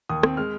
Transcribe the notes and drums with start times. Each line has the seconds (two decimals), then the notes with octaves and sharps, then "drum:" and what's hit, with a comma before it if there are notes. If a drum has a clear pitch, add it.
0.09 D#2 D#6
0.23 C4, drum: rim click
0.37 G#3 F6